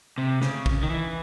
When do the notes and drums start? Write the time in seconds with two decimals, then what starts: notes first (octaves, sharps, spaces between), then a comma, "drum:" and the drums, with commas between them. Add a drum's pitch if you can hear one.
0.18 C3
0.42 C#3, drum: snare
0.66 drum: kick
0.83 D#3
0.90 E3